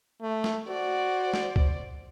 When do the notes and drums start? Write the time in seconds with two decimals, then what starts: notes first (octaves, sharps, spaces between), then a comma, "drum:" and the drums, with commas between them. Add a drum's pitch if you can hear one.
0.22 A3
0.44 drum: snare
0.68 F#4 C5 D5
1.34 drum: snare
1.56 drum: kick C#2